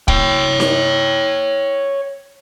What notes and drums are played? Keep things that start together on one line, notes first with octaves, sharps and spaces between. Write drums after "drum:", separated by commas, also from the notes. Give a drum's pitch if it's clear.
C#5 G5, drum: kick
drum: snare D#4